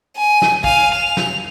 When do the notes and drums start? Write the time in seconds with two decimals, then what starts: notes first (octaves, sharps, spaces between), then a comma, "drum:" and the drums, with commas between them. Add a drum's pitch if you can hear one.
0.17 G#5
0.42 drum: snare
0.64 F5 G#5, drum: kick
0.94 F7
1.17 drum: snare